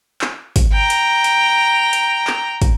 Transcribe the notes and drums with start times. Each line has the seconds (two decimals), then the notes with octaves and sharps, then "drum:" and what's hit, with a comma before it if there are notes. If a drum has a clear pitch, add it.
0.21 drum: clap
0.56 drum: kick, hi-hat
0.73 G5 A#5
0.90 drum: hi-hat
1.24 drum: hi-hat
1.93 drum: hi-hat
2.27 drum: clap
2.62 drum: kick, hi-hat